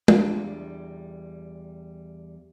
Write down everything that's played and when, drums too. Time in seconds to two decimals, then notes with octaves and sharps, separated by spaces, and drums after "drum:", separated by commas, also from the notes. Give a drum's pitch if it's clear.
0.08 E2 G3 D4 F4 E5 F5, drum: tom